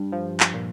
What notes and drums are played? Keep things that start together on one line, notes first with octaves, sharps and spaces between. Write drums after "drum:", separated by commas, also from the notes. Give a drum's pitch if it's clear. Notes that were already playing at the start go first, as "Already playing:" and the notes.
Already playing: G2
F3
drum: clap
A#2